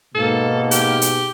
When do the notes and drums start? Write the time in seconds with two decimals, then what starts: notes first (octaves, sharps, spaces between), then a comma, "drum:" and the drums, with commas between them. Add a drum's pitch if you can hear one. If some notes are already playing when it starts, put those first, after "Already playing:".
0.15 G#2 B2 A#3 A4
0.71 G4, drum: hi-hat
1.02 drum: hi-hat